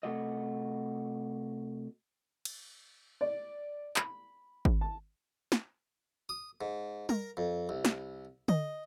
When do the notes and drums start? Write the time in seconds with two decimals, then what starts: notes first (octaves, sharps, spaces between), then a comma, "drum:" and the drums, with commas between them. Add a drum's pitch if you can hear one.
0.03 C3 A3 F#4 D5 D#5
2.45 drum: cymbal
3.21 D5
3.96 B5, drum: clap
4.65 drum: kick G#1
4.81 A5
5.52 drum: snare
6.29 D#6
6.61 G#2
7.09 A#4, drum: tom G3
7.37 F2
7.69 C2
7.85 drum: snare
8.48 D#5, drum: tom D3